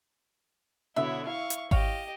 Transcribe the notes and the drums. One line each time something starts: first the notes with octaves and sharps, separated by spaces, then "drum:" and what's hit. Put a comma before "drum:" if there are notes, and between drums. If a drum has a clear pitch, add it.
B2 D3 E4 C#5 E5
E4 F5 C#6
drum: hi-hat
G4 C#5 D#5 F5, drum: kick G#1